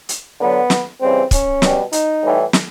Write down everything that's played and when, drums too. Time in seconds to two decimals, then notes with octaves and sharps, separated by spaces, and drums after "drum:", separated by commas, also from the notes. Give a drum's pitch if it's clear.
0.09 drum: hi-hat
0.39 D3 F#3 B3
0.70 drum: snare
1.00 C#3 E3 G3 C4
1.31 C#4, drum: kick, hi-hat
1.62 B2 G3, drum: snare
1.92 D#4, drum: hi-hat
2.23 A2 E3 G3
2.53 drum: snare